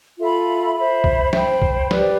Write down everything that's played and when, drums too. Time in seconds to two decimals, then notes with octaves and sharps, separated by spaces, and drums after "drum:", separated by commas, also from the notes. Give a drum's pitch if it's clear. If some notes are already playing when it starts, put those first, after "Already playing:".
0.18 F4 A4 E5 B5
0.75 C5 E5 B5
1.04 drum: kick C2
1.33 C5 G5 B5, drum: snare
1.62 drum: kick C2
1.91 G4 B4 D5, drum: snare